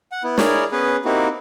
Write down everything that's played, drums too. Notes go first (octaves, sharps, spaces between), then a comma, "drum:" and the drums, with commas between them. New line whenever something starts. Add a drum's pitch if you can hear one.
F#5
B3 E4
E4 G#4 A#4 C#5 D5, drum: snare
B3 C#4 G#4 B4
A#3 C4 D#4 E4 F#4 G4